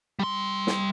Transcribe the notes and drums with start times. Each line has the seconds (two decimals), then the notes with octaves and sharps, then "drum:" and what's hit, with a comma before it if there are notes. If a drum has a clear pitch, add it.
0.19 G3 C6
0.67 drum: snare